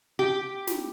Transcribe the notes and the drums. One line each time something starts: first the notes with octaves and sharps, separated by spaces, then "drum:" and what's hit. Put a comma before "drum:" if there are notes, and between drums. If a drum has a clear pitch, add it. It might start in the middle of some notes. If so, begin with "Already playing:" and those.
G4
drum: snare